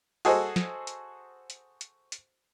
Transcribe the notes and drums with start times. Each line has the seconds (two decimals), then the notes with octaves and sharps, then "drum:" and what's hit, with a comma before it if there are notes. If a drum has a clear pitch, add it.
0.25 F#4 G#4 A4 C5 D#5, drum: open hi-hat
0.56 drum: snare
0.87 drum: hi-hat
1.50 drum: hi-hat
1.81 drum: hi-hat
2.12 drum: hi-hat